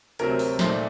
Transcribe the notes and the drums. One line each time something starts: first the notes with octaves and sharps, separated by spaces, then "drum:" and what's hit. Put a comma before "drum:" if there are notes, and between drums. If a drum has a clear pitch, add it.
D2 C3 F#3 C4 A#4, drum: hi-hat
drum: open hi-hat
A#2 A3 D#4 C5, drum: snare
D5